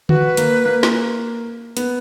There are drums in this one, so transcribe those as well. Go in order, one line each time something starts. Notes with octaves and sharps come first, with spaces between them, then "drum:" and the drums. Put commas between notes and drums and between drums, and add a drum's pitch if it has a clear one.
F#4 B4, drum: tom D3
A#3, drum: hi-hat
A#3
drum: snare
B3, drum: hi-hat